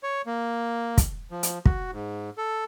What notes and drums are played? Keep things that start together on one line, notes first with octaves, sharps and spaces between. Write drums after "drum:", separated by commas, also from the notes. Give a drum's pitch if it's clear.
C#5
A#3
drum: kick, hi-hat
F3
drum: hi-hat
F#4, drum: kick
G#2
A4